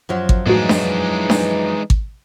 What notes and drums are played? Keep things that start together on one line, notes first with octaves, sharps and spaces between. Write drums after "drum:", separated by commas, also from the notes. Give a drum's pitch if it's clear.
F#2 F3 F#3
drum: kick G#1
A2 E3 G#3 A3 D4 D#4 F#4
drum: snare D4
drum: snare D4
drum: kick G#1